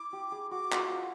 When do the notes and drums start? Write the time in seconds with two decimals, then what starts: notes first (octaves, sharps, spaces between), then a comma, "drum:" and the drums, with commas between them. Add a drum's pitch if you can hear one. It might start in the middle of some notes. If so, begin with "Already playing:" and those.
Already playing: E4 D6
0.13 G4
0.32 G#4
0.51 F#4 D6
0.72 F4 F#4, drum: clap